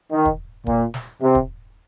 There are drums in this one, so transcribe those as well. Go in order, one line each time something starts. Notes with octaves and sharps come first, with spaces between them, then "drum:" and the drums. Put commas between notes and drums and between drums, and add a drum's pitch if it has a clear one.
D#3
drum: kick
A#2, drum: kick
drum: snare
C3
drum: kick